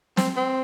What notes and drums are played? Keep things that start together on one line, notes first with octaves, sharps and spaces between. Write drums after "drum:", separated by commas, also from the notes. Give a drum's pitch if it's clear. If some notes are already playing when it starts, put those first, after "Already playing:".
C4, drum: snare
C4